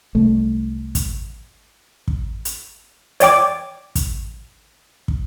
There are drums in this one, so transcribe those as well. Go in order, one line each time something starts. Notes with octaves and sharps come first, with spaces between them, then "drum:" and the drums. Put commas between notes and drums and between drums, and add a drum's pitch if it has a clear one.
C2 A3
drum: kick, hi-hat
drum: kick
drum: hi-hat
C#5 D5 G5 D6, drum: hi-hat
drum: kick, hi-hat
drum: kick